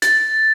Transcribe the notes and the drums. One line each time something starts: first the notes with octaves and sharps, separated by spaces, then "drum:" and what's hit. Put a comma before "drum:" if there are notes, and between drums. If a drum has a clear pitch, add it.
A6, drum: hi-hat